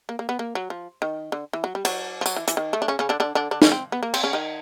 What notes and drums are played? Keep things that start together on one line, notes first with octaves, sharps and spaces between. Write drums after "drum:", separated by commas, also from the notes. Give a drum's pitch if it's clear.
A#3
A#3
B3
A#3
F#3
F3
D#3
D3
E3
F#3
G3
F#3, drum: cymbal
F3
F#3, drum: tambourine
E3
E3, drum: hi-hat
D#3
A3
D4
C#3 C#4
C#3 C#4
D3 D4
D3 D4
D3 D4
D3 D4
C#3 C#4, drum: snare
C4
B3
A#3
C4, drum: cymbal
C#3 C#4
D#3 D#4